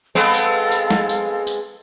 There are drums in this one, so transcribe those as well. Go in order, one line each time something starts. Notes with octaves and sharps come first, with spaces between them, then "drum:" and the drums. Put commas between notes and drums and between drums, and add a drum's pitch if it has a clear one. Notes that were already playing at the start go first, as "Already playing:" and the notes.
G#3 B3 C4 A4 F5
drum: tambourine
drum: tambourine
drum: snare
drum: tambourine
drum: tambourine